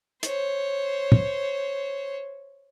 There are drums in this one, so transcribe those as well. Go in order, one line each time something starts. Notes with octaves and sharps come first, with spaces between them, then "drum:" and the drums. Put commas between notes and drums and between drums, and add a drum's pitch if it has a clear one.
C5 C#5, drum: hi-hat
drum: tom